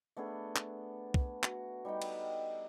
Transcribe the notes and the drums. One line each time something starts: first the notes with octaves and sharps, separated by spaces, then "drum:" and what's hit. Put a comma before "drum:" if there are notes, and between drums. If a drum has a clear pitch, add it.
A3 B3 D4 G#4
drum: clap
drum: kick
F#4, drum: clap
G3 D#4 F#5 G5
drum: cymbal